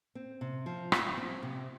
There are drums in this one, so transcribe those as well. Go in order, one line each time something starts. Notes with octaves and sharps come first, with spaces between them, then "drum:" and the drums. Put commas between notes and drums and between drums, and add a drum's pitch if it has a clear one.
C4
C3
F3
F4, drum: rim click
C4
C3